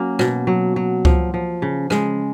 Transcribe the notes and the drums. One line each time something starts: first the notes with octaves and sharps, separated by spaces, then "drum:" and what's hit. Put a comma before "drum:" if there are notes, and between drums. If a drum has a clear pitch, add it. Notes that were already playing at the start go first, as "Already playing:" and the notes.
Already playing: F#3 A#3 C#4
B2, drum: rim click
F#3
F#3
F3, drum: kick C#2
F3
C#3
C#3 G#3, drum: rim click